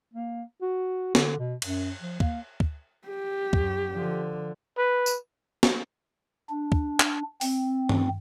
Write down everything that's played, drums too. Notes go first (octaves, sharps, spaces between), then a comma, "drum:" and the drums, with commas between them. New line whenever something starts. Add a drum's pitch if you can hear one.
A#3
F#4
D3, drum: snare
B2
F#2, drum: cymbal
F3
A#3, drum: kick
drum: kick
G4
F#2, drum: kick
D3 F3
B4
drum: tambourine
drum: snare
D4
drum: kick
drum: clap
C4, drum: open hi-hat
drum: tom